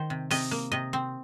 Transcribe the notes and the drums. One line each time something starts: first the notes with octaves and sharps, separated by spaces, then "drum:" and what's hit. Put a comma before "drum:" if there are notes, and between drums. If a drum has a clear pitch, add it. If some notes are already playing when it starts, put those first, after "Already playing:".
Already playing: D#3 C5
C3
C3 D#5, drum: open hi-hat
A#3
C3 D#5
C4